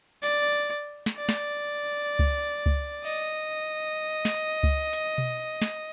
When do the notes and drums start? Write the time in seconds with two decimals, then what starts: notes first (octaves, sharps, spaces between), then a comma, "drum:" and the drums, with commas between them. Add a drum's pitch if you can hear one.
0.23 D5, drum: hi-hat
1.06 drum: snare
1.17 D5
1.29 drum: snare
2.19 drum: kick C#2
2.66 drum: kick C#2
3.04 D#5, drum: cymbal
4.25 drum: snare
4.63 drum: kick C#2
4.93 drum: hi-hat
5.18 drum: tom B2
5.62 drum: snare